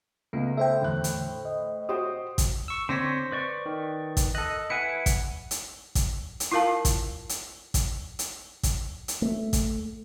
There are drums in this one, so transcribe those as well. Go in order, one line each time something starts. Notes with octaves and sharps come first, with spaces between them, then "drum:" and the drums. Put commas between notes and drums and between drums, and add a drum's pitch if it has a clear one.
C#2 A3 B3
A4 C5 E5 G5
E2 A2 D3 F#6
drum: hi-hat
D#5
F#4 G4 C5 D#6
drum: kick A1, hi-hat
C#6 E6
D3 C4 C5 C#5 A#6 B6
B4 D5 C#6
D#3
drum: kick A1, hi-hat
A4 D#5 F#6
E4 B4 F#5 G#5 C#7
drum: kick A1, hi-hat
drum: hi-hat
drum: kick A1, hi-hat
drum: hi-hat
E4 F4 A#4 F5 A5
drum: kick A1, hi-hat
drum: hi-hat
drum: kick A1, hi-hat
drum: hi-hat
drum: kick A1, hi-hat
drum: hi-hat
A3
drum: kick A1, hi-hat